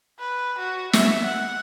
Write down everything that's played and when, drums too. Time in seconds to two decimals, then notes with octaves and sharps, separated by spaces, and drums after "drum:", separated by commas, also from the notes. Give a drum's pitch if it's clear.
0.20 B4
0.60 F#4
0.93 E5, drum: snare
1.24 F#5